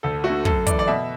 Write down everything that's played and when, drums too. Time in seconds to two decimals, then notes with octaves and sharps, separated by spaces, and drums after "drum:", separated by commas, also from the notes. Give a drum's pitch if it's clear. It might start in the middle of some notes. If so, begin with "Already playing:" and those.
0.03 D2 A4
0.24 A3 F#4
0.29 D3
0.45 F#2 A4, drum: kick
0.67 E3 A3 D5, drum: kick, hi-hat
0.79 D5
0.87 B2 E5